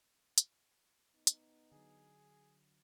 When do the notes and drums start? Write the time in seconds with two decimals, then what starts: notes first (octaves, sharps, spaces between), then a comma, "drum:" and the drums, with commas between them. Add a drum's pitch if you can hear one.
0.38 drum: hi-hat
1.15 B3 D#4
1.27 drum: hi-hat
1.72 D3 F#3 G#4